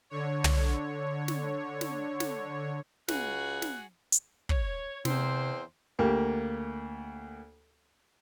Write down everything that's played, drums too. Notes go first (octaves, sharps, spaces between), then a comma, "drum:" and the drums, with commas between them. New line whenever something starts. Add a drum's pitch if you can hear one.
D3 C#5
drum: tom
drum: snare
drum: snare
drum: snare
C#2 F#4 G#4 F#6, drum: snare
drum: snare
drum: hi-hat
C#5, drum: kick
E2 C3 C4 C5, drum: snare
D2 A#3 G4